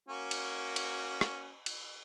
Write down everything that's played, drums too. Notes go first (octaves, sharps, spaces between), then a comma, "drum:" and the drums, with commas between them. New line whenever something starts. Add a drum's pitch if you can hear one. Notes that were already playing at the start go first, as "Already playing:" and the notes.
A#3 C#4 F#4
drum: cymbal
drum: cymbal
drum: rim click
drum: cymbal